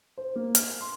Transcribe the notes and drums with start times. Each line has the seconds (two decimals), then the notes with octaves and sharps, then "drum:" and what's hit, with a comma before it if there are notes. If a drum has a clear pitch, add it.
0.18 C5
0.35 A#3
0.55 F6, drum: hi-hat
0.81 C6